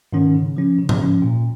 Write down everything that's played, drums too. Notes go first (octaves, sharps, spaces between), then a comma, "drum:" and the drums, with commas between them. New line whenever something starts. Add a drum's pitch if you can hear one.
G#2 D#3 C#4
C#3
F3 C#4
C#3
drum: tom G#2
F3 C#4
A#2